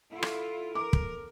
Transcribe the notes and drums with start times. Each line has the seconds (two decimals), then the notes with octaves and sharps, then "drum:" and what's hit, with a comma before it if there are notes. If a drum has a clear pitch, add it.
0.12 D3 E4 F4
0.23 drum: rim click
0.75 A#4 D6
0.93 drum: kick